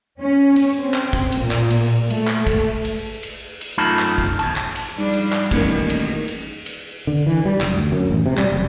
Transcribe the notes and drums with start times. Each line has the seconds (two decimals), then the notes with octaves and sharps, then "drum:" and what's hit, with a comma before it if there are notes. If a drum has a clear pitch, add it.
0.19 C#4
0.56 drum: cymbal
0.80 C4
0.94 drum: clap
1.13 drum: kick
1.32 drum: cymbal
1.42 A#2
1.51 drum: clap
1.70 drum: cymbal
2.10 A3, drum: cymbal
2.28 drum: clap
2.47 drum: kick, cymbal
2.85 drum: cymbal
3.23 drum: cymbal
3.61 drum: cymbal
3.78 F#2 A3 D#4 F4 A5 B5
3.99 drum: clap
4.18 drum: kick
4.39 D#2 B2 A5, drum: cymbal
4.56 drum: clap
4.75 drum: cymbal
4.97 G#2 F3 G3 D4
5.14 drum: cymbal
5.33 drum: clap
5.51 A1 F2 B2 D#3 A#3 D#4 A#4, drum: kick, cymbal
5.90 drum: cymbal
6.28 drum: cymbal
6.66 drum: cymbal
7.07 D3
7.27 E3
7.45 G3
7.61 F#1, drum: clap
7.76 D2
7.92 F#2
8.11 A1
8.26 C3
8.38 G3, drum: clap
8.52 F#1